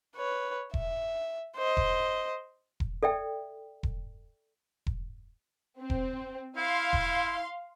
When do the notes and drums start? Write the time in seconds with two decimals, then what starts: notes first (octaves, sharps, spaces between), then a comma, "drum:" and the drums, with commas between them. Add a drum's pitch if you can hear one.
0.16 B4 C#5
0.74 E5, drum: kick E1
1.56 C5 D#5
1.77 drum: kick E1
2.80 drum: kick E1
3.03 A4 D5 E5 G5
3.83 drum: kick E1
4.87 drum: kick E1
5.79 C4
5.90 drum: kick E1
6.57 E4 F5 C6
6.93 drum: kick E1